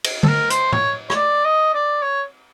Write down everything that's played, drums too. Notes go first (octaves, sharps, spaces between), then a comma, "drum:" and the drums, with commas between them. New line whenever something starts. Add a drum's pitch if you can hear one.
drum: cymbal
A4, drum: tom
A#4
C5, drum: hi-hat
C#5, drum: tom
C#5, drum: rim click
D5
D#5
D5
C#5